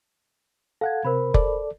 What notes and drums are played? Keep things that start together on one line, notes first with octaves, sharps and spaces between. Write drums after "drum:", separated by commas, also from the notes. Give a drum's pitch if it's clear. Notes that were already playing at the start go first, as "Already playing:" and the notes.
A4 F5 F#5 G#6
C3 A#4 C5 B5
A4 D5, drum: kick F1